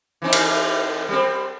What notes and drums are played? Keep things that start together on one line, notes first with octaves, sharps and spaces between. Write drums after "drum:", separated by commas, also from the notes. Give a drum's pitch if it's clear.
E3 C4 D#4
drum: cymbal
G3 C4